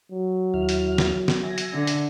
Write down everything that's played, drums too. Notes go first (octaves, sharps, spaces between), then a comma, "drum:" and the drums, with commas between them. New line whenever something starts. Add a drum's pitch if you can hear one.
F#3
D#2 E4 F6
drum: hi-hat
drum: snare
drum: snare
E5 G#5 A#6
drum: hi-hat
D3
drum: hi-hat